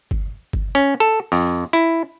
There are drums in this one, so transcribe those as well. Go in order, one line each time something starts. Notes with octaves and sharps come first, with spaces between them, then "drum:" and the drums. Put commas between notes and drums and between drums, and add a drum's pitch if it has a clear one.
drum: kick G1
drum: kick G1
C#4
A4
F2, drum: open hi-hat
E4